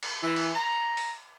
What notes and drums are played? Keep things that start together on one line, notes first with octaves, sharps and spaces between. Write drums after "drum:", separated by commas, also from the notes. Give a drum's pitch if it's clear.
drum: cymbal
E3
drum: cymbal
A#5
drum: open hi-hat